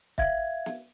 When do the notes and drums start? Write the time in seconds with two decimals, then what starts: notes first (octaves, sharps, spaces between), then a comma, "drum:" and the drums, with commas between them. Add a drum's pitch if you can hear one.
0.18 E5 F5 G#6, drum: kick
0.66 drum: snare